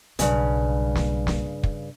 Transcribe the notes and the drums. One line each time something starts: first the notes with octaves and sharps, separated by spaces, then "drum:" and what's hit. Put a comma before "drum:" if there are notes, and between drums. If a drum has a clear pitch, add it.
B1 G2 C#3 G3, drum: hi-hat
drum: snare
drum: snare
drum: kick